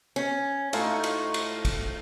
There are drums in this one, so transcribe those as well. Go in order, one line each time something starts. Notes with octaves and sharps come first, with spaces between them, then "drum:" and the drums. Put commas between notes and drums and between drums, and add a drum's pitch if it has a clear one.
C#4
A2 A3 D#4 F4, drum: cymbal
drum: cymbal
drum: cymbal
drum: kick, cymbal